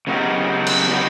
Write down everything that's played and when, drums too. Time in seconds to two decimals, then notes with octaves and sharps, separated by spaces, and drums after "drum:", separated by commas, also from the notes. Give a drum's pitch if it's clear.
0.07 C#3 F#3 B3 D#4 G4
0.67 drum: cymbal
0.91 C#3 F#3 B3 D#4 G4